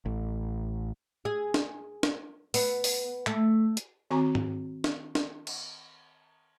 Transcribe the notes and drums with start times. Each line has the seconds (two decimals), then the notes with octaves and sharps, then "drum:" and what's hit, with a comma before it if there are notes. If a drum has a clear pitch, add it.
0.06 A1
1.25 G#4
1.54 drum: snare
2.03 drum: snare
2.54 B3, drum: open hi-hat
2.84 drum: open hi-hat
3.27 A3, drum: clap
3.77 drum: hi-hat
4.11 D#3 C4 F#4 G#5 A#5 C#6
4.35 drum: tom G#2
4.84 drum: snare
5.15 drum: snare
5.47 drum: cymbal